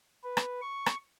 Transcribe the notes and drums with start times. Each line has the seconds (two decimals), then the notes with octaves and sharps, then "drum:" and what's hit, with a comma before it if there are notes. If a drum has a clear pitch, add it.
0.24 B4
0.37 drum: rim click
0.62 C#6
0.86 drum: rim click